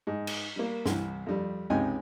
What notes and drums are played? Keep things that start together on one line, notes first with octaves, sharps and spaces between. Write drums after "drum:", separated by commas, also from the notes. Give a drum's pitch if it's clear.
G#2
drum: cymbal
G3 A#3
C2 E3, drum: snare
F2 G3
C#2 C3 G#3 D#4 G5 G#5